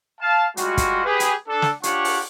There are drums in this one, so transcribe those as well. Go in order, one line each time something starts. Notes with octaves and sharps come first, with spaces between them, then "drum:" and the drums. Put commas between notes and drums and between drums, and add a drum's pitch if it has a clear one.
F5 A5
G3 G#3 F4 F#4, drum: hi-hat
drum: kick, hi-hat
G4 G#4 B4
drum: hi-hat
D4 A4
drum: snare
D4 F4 G4 C#5 F#5 C#6, drum: hi-hat
drum: open hi-hat